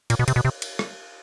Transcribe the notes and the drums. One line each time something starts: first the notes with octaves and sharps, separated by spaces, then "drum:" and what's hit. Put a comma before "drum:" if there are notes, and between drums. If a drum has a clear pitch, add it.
A#2, drum: cymbal
B2
C3, drum: cymbal
B2
C3
drum: cymbal
drum: rim click